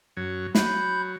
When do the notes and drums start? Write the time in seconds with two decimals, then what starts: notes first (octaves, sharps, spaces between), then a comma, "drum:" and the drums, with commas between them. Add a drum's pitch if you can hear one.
0.17 F#2 F#3 C#5
0.55 F#3 B5 G6, drum: snare